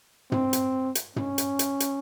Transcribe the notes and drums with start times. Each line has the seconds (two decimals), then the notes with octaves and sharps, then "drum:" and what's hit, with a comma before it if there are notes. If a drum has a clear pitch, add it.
0.32 C4, drum: tom
0.53 drum: hi-hat
0.95 drum: hi-hat
1.16 C#4, drum: tom
1.38 drum: hi-hat
1.59 drum: hi-hat
1.80 drum: hi-hat